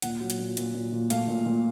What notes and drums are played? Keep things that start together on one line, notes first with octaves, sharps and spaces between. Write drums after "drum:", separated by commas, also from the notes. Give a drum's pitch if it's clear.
A#2 F#5, drum: hi-hat
F#3
drum: hi-hat
A#2
A#2, drum: hi-hat
A#2
A#2
A3 F5, drum: hi-hat
A#2
A#2